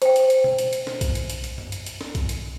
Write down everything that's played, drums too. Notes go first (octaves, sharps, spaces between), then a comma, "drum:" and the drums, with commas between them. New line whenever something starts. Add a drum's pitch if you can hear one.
C5 G5, drum: hi-hat
drum: hi-hat
drum: hi-hat
drum: tom
drum: hi-hat
drum: hi-hat
drum: snare
drum: kick B1, hi-hat
drum: hi-hat
drum: hi-hat
drum: hi-hat
drum: tom F#2
drum: hi-hat
drum: hi-hat
drum: snare
drum: kick B1, hi-hat
drum: hi-hat